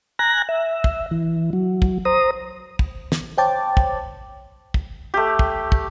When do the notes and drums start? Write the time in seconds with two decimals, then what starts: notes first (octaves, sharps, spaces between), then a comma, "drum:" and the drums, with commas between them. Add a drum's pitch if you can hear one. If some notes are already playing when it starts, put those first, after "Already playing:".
0.19 G#5 A#5 F#6 A#6
0.49 E5
0.84 drum: kick
1.11 E3
1.53 F#3
1.82 drum: kick
2.05 C5 A#5 D#6
2.79 drum: kick
3.12 drum: snare
3.38 C5 C#5 G5 A5 D6 A6
3.77 drum: kick
4.74 drum: kick
5.14 A3 G4
5.39 drum: kick
5.72 drum: kick